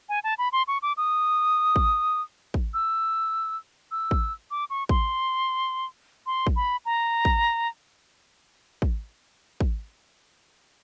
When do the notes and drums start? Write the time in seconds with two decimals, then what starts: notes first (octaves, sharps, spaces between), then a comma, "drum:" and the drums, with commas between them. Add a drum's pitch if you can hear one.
0.09 G#5
0.24 A5
0.38 B5
0.52 C6
0.68 C#6
0.82 D6
0.97 D#6
1.76 drum: kick
2.54 drum: kick
2.74 E6
3.91 E6
4.11 drum: kick
4.51 D6
4.70 C#6
4.89 C6, drum: kick
6.26 C6
6.47 drum: kick
6.56 B5
6.86 A#5
7.25 drum: kick
8.82 drum: kick
9.60 drum: kick